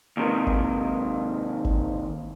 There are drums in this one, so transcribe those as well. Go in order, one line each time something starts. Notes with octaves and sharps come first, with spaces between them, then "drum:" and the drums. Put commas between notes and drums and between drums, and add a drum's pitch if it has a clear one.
D#2 C3 D#3
drum: kick G#1
drum: kick G#1